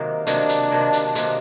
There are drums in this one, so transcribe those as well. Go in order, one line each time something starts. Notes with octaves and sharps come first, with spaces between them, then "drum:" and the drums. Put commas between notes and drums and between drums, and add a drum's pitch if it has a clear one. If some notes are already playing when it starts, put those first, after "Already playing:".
Already playing: C3 D#3 F#3 A#3
C3 D#3 F#3 A#3 D4, drum: hi-hat
drum: hi-hat
C3 D#3 F#3 A#3
drum: hi-hat
C3 D#3 F#3 A#3, drum: hi-hat